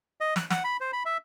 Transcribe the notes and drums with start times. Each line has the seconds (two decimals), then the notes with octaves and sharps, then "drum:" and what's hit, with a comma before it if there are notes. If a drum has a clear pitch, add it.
0.21 D#5
0.36 F#6, drum: snare
0.50 F#5, drum: snare
0.64 B5
0.81 C5
0.93 B5
1.05 E5